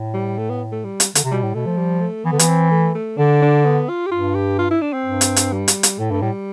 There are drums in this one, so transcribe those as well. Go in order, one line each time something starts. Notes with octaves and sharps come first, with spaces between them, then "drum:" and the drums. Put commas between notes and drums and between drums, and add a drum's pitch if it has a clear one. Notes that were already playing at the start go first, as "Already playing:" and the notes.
Already playing: A2
G3
A3
B3
A3
G3
drum: hi-hat
D3, drum: hi-hat
C3
B2 G3
A2
B2 A3
F3
G3
A3
E3 B3
D3
E3, drum: hi-hat
C4
A3
A3
D3 D4
D4
B3
F4
G4
G2 F4
G4
F4
E4
D4
C4
G2
drum: hi-hat
drum: hi-hat
G3
drum: hi-hat
drum: hi-hat
A2 A3
G2 A3
A2 G3